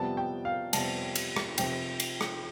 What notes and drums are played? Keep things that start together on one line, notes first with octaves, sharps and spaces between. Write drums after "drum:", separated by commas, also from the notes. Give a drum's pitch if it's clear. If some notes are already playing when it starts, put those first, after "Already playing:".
Already playing: F2 C3 G3 B3 A5
G5
F5
F2 C3 G3 B3 A5, drum: cymbal
drum: cymbal
drum: rim click
F1 F2 C3 G5, drum: cymbal
drum: cymbal
drum: rim click